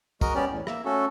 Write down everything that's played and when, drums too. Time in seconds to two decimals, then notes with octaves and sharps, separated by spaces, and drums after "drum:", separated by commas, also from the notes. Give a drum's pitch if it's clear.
0.21 G#3 F#4 A#4 D#5, drum: kick, tambourine
0.35 G3 B3 C#4 G4 D5
0.50 E2 A2
0.67 A#3 E5, drum: rim click
0.85 A3 C#4 F#4 A4